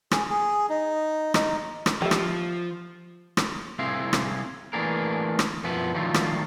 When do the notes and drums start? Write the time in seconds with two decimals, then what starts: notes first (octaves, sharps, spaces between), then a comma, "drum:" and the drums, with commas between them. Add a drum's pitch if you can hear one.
0.11 G#4, drum: rim click
0.30 G#4
0.69 D#4
1.34 D#4, drum: rim click
1.86 drum: rim click
2.02 F3 G3 E5
2.11 drum: rim click
3.37 drum: rim click
3.79 C2 C4 E4 G#4 F5
4.13 drum: rim click
4.73 E3 A3 A#3 D4 G#4 A#4
5.39 drum: rim click
5.64 B1 F#2 F3 B3 E4 B4
5.95 D3 D#3 F3 F#3 A3 F4
6.14 drum: rim click